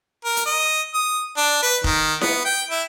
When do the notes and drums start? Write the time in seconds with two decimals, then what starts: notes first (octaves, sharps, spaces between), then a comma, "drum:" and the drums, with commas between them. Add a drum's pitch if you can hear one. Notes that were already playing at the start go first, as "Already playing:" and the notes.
0.25 A#4
0.37 drum: hi-hat
0.46 D#5
0.94 D#6
1.37 D4
1.62 B4
1.84 D#3, drum: kick F1
2.21 B3, drum: snare E4
2.45 G5
2.71 E4